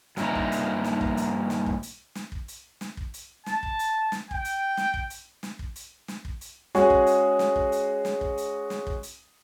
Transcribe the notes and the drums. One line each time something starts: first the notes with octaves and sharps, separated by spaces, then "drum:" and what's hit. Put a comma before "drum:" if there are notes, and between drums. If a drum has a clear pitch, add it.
G2 A#2 D#4 E4, drum: snare
drum: kick
drum: hi-hat
drum: snare
drum: kick
drum: hi-hat
drum: snare
drum: kick
drum: hi-hat
drum: snare
drum: kick
drum: hi-hat
drum: snare
drum: kick
drum: hi-hat
A5, drum: snare
drum: kick
drum: hi-hat
drum: snare
G5, drum: kick
drum: hi-hat
drum: snare
drum: kick
drum: hi-hat
drum: snare
drum: kick
drum: hi-hat
drum: snare
drum: kick
drum: hi-hat
G#3 C#4 F#4 G#4, drum: snare
drum: kick
drum: hi-hat
drum: snare
drum: kick
drum: hi-hat
drum: snare
drum: kick
drum: hi-hat
drum: snare
drum: kick
drum: hi-hat